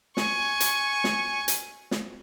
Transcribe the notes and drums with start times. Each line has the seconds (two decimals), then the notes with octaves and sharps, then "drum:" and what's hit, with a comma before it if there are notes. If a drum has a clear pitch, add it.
0.17 G#5 C#6, drum: snare
0.60 drum: hi-hat
1.04 drum: snare
1.48 drum: hi-hat
1.91 drum: snare